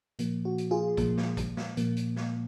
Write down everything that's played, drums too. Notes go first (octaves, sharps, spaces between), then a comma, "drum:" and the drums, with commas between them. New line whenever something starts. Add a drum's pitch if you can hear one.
A#2 F3 A#3, drum: hi-hat
F#4
drum: hi-hat
F4 G#4
A#2 F3 A#3, drum: kick, hi-hat
drum: snare
drum: kick, hi-hat
drum: snare
A#2 F3 A#3, drum: hi-hat
drum: hi-hat
drum: snare